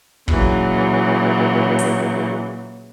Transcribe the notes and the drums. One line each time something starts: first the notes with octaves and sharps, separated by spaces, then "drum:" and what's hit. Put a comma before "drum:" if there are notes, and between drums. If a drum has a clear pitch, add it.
A#2 C#3 E3 F#3, drum: kick
drum: hi-hat